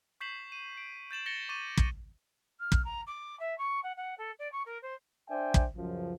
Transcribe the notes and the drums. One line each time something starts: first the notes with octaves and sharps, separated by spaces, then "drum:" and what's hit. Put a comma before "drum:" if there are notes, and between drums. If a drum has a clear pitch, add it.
C#6 G6 B6 C7 E7 F#7
D#7
D7
G6 A6 E7 F#7
A6 A#6 C#7 G7
C#6 D6 A6 D#7
drum: kick
F6
drum: kick
A#5
D6
E5
C#6
F#5
F#5
A4
D5
C#6
A#4
C5
D4 C5 D5 E5 G5 G#5
drum: kick
C#2 F#2 F3